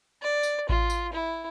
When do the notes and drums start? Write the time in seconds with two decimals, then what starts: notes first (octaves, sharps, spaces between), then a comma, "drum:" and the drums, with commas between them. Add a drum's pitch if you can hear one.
0.22 D5
0.43 drum: tambourine
0.69 F4, drum: kick A1
0.90 drum: tambourine
1.13 E4